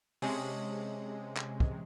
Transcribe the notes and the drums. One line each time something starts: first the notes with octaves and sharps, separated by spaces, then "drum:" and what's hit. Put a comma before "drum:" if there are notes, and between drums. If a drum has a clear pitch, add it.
C3 G#3 C#4 D#5 A5, drum: open hi-hat
drum: clap
drum: kick